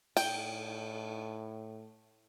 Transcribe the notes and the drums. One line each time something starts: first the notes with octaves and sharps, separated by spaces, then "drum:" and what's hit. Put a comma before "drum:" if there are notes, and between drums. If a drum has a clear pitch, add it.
A2 G5, drum: cymbal